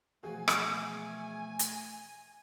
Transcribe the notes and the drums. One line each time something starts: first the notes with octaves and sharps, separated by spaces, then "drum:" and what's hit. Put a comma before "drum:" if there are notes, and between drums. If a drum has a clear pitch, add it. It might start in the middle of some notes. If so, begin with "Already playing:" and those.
B2 E3 F3 A3 F#4 G#4 G#5
drum: rim click
drum: hi-hat